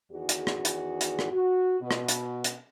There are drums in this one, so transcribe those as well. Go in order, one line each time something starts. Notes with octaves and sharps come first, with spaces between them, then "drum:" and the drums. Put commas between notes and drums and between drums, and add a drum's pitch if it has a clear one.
E2 D#3 F#4 G#4
drum: hi-hat
drum: rim click
drum: hi-hat
drum: hi-hat
drum: rim click
F#4
B2
drum: rim click
drum: hi-hat
drum: hi-hat